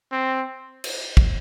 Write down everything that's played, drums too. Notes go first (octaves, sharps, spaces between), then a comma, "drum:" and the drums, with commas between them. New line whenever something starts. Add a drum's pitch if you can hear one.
C4
drum: cymbal
drum: kick